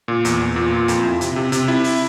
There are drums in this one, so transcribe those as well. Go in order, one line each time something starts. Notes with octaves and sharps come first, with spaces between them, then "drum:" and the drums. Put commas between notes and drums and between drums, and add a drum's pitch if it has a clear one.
A#2
E2, drum: hi-hat
E2
A#2
F4
F2, drum: hi-hat
E4
C3, drum: hi-hat
C3
C3, drum: hi-hat
E4
drum: open hi-hat